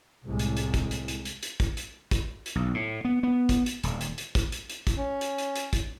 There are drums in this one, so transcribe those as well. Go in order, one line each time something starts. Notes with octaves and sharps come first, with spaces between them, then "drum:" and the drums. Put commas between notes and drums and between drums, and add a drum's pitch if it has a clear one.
C2 A2 G#3
drum: hi-hat
drum: hi-hat
drum: kick, hi-hat
drum: hi-hat
drum: hi-hat
drum: hi-hat
drum: hi-hat
drum: kick, hi-hat
drum: hi-hat
drum: kick, hi-hat
drum: hi-hat
B1
A2
B3
B3
drum: kick, hi-hat
drum: hi-hat
D#1, drum: hi-hat
drum: hi-hat
drum: hi-hat
drum: kick, hi-hat
drum: hi-hat
drum: hi-hat
drum: kick, hi-hat
C#4
drum: hi-hat
drum: hi-hat
drum: hi-hat
drum: kick, hi-hat